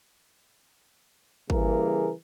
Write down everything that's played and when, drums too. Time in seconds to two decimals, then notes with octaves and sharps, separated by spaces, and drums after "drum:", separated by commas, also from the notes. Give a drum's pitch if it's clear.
1.50 C#3 E3 G3 A#3 G#4 A#4, drum: kick G#1